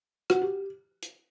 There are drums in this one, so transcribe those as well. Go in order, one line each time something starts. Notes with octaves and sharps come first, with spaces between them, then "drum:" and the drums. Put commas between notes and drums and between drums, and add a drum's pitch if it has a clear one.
F#4, drum: rim click
G4
drum: hi-hat